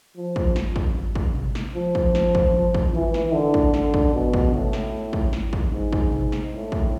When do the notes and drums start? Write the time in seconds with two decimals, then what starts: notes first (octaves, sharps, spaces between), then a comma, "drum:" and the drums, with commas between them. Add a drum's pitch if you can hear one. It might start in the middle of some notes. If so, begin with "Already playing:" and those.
0.16 F3
0.36 drum: kick
0.56 drum: snare
0.76 drum: kick
1.15 drum: kick
1.35 drum: tom B2
1.55 drum: snare
1.75 F3
1.95 drum: kick
2.15 drum: snare
2.35 drum: kick
2.75 drum: kick
2.95 E3, drum: tom D3
3.14 drum: snare
3.34 D3
3.54 drum: kick
3.74 D3, drum: snare
3.94 drum: kick
4.14 B2
4.34 drum: kick
4.54 A2, drum: tom B2
4.73 drum: snare
5.13 drum: kick
5.33 drum: snare
5.53 drum: kick
5.72 G#2
5.93 drum: kick
6.12 drum: tom B2
6.32 drum: snare
6.52 A2
6.72 drum: kick